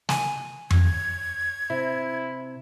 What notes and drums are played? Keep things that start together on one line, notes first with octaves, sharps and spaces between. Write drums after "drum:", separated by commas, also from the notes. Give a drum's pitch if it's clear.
G#5, drum: snare
G#6, drum: tom F2
C3 E4